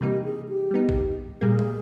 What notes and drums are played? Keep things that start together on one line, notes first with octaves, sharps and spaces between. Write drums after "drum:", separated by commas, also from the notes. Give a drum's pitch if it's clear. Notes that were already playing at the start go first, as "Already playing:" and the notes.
C3 E3 G3 A#3 D#4 G4
G#4
G4
G3 B3 D#4
drum: kick
A#2 G3 A#3 G#4
drum: tom